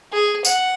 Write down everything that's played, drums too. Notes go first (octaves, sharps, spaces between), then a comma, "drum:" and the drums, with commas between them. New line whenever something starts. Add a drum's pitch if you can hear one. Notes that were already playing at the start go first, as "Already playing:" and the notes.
G#4
F#5, drum: tambourine